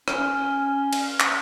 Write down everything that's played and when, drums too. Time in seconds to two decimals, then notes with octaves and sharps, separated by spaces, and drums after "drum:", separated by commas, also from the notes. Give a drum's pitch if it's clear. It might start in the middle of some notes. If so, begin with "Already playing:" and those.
0.08 C#4 F6, drum: rim click
0.93 drum: cymbal
1.20 drum: clap